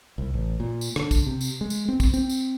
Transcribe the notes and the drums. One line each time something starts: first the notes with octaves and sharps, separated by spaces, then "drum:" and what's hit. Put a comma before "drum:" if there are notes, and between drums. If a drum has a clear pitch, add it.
C2
A1
A#2
drum: tambourine
D3, drum: rim click
drum: kick, tambourine
C3
drum: tambourine
G#3
drum: tambourine
C4
drum: kick, tambourine
C4, drum: tambourine
drum: tambourine